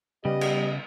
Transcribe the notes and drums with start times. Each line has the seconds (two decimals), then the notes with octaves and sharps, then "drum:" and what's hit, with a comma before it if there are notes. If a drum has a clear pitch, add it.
0.25 C#3 G3 B3 G4 D#5
0.41 drum: cymbal